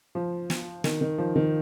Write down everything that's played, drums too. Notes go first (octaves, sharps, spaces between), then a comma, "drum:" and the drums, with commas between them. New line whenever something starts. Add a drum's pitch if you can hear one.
F3
drum: snare
D#3, drum: snare
D#3
F3
D#3